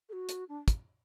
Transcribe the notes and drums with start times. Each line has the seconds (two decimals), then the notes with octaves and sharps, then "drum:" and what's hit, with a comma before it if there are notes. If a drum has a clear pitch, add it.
0.09 A4
0.13 F#4
0.29 drum: hi-hat
0.49 D4
0.68 drum: kick, hi-hat